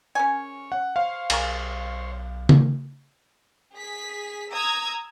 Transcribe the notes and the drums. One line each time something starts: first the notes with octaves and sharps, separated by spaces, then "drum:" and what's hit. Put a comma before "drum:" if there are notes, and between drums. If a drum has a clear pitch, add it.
C#4 A#4 C#5 G#5
F#5
C5 C#5 F5
B1 G#4 A#4 C#6, drum: cymbal
D#3, drum: tom C#3
G#4 B6
A#5 D#6 E6 G#6